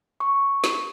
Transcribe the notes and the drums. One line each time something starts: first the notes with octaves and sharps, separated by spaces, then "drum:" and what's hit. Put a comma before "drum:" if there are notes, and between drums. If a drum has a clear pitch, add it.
C#6
drum: snare